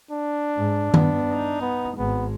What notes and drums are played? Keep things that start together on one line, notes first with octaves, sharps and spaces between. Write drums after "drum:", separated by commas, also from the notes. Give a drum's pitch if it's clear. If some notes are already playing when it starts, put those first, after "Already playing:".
D4
G#2
G2 B3, drum: tom D#3
D#4
B3
G#1 G#3 B3